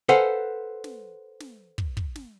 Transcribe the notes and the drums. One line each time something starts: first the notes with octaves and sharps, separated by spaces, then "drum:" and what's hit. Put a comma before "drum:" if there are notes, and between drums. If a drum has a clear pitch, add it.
A4 B4 C5 F5 F#5 G#5
drum: snare
drum: snare
drum: kick
drum: kick
drum: snare